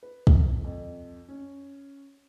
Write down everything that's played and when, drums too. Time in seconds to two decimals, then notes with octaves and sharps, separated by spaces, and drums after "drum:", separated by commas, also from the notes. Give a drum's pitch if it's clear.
0.03 B4
0.27 drum: kick
0.64 F2
1.28 C#4